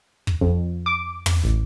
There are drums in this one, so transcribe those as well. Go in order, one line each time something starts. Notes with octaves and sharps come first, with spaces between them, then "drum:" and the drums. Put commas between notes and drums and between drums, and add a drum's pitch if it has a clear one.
drum: kick
F2
D6
drum: tom
A1